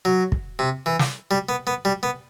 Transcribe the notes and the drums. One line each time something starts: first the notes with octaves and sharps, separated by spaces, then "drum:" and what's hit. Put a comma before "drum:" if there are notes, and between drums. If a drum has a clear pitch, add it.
F#3
drum: kick
C3
E3
drum: snare
G3
B3
B3
G3
B3